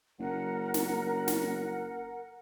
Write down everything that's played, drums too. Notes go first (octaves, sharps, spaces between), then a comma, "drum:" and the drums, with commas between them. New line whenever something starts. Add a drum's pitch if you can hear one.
F#1 A#4 F#5
drum: snare
drum: snare